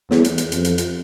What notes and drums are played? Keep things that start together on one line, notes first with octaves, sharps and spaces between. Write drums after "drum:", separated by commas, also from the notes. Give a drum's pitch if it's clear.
E2, drum: snare
drum: hi-hat
drum: hi-hat
F2, drum: hi-hat
drum: hi-hat
drum: hi-hat